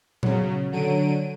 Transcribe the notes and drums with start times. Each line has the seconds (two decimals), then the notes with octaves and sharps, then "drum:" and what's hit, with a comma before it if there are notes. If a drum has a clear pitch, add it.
0.23 C#3 F#3, drum: tom A#2
0.72 D3 F#3 D7 D#7